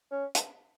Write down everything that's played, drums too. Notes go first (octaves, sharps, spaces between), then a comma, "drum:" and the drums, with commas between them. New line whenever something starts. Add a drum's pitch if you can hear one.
C#4
drum: hi-hat